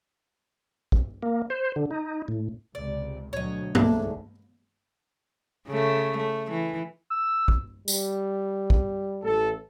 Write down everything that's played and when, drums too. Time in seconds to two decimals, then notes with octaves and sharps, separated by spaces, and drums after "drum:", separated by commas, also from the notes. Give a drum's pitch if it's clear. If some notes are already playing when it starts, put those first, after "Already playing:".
0.92 drum: kick
1.23 A#3
1.50 C5
1.76 D3
1.91 D#4
2.28 A2
2.75 C#2 C3 D5
3.33 D2 B2 F#3 C#5 D#5
3.75 C2 G#2 D3 A3 D4, drum: tom
5.68 C#3 A3
6.17 A3
6.51 E3
7.10 E6
7.48 drum: kick
7.88 G3, drum: tambourine
8.70 drum: kick
9.23 A1 A4